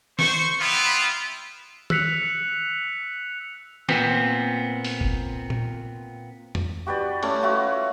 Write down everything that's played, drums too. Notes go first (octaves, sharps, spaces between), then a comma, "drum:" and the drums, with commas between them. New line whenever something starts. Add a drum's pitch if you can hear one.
C5 C#6, drum: snare
G3 B3 E4 F4
E6 F#6 B6 C#7 F7, drum: tom
A#2 B3 C4, drum: snare
drum: open hi-hat
drum: kick F#1
drum: tom A#2
drum: tom F2
F#4 G4 B4 D5
A3 C#4, drum: cymbal
F4 F#4 E5